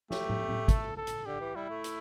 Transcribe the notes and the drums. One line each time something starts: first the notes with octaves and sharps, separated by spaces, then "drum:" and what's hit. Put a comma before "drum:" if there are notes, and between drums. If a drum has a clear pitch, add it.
A3 G4, drum: snare
drum: tom
drum: tom A#2
A4, drum: kick, hi-hat
A4
drum: hi-hat
D3 G4
E3
G3 E4
A3
drum: hi-hat